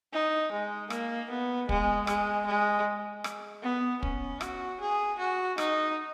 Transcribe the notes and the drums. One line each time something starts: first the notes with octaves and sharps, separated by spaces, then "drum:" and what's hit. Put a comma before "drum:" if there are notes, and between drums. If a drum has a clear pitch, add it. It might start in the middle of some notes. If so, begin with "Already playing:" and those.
D#4
G#3
A#3, drum: rim click
B3
G#3, drum: kick
G#3, drum: rim click
G#3
drum: rim click
B3
C#4, drum: kick
F#4, drum: rim click
G#4
F#4
D#4, drum: rim click